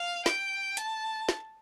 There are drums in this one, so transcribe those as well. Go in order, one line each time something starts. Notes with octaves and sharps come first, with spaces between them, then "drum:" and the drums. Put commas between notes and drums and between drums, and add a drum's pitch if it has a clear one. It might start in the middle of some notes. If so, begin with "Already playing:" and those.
Already playing: F5
G5, drum: snare
A5, drum: hi-hat
drum: snare